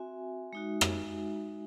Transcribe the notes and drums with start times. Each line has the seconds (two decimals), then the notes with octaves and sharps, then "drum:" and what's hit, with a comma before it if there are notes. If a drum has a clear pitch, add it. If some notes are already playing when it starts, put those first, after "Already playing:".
Already playing: C4 F#4 E5 G#5
0.53 G#3 D#4 F#4
0.81 drum: rim click